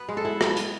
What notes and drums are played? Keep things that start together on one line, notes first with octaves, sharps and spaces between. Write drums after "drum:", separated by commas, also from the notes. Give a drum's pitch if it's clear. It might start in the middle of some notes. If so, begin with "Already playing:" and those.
Already playing: B3 B4
G#3
A4
E4
drum: rim click
drum: hi-hat